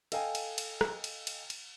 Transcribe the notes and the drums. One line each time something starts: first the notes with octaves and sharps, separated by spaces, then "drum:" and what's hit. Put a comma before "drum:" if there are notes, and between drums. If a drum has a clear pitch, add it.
A4 D#5 F5 G5 G#5, drum: cymbal
drum: cymbal
drum: cymbal
drum: rim click
drum: cymbal
drum: cymbal
drum: cymbal